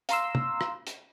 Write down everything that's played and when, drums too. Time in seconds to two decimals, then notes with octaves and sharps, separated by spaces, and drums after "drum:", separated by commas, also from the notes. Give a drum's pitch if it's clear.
0.09 F5 A#5 C6 E6, drum: hi-hat
0.35 drum: tom
0.61 drum: rim click
0.87 drum: hi-hat